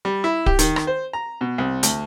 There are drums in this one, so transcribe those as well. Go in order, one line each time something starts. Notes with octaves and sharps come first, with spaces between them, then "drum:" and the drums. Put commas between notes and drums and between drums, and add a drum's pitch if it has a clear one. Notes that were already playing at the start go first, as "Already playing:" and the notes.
G3
E4
G4, drum: kick D1
D#3, drum: hi-hat
drum: rim click
C5
A#5
B2
C2
D2, drum: hi-hat